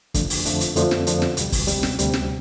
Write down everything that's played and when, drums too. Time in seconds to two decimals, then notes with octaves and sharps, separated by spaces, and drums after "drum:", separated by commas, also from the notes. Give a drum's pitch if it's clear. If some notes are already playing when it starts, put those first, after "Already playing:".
0.14 F2 D3 F3 A3 D4, drum: kick, hi-hat
0.30 drum: open hi-hat
0.45 F2 D3 F3 A3 D4, drum: hi-hat
0.61 drum: hi-hat
0.76 F2 D3 F3 A3 D4, drum: hi-hat
0.91 drum: snare
1.07 F2 D3 F3 A3 D4, drum: hi-hat
1.22 drum: snare
1.37 D2 C3 G3, drum: hi-hat
1.52 drum: kick, open hi-hat
1.67 D2 C3 G3, drum: hi-hat
1.83 drum: snare
1.99 D2 C3 G3, drum: hi-hat
2.13 drum: snare